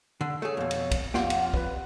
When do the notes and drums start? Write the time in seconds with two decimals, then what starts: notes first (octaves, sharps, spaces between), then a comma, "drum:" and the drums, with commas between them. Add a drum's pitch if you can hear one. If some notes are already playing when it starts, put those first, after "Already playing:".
0.21 D3
0.42 A3 G#4 C#5
0.57 F2 B2
0.71 drum: cymbal
0.91 drum: kick, cymbal
1.14 F2 F4 G4 F#5, drum: snare
1.30 F#5, drum: cymbal
1.54 B4, drum: kick